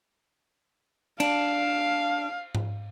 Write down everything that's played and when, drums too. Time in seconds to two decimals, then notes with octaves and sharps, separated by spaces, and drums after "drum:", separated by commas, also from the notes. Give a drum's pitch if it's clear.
1.20 D4 F5, drum: cymbal
2.55 drum: tom G#2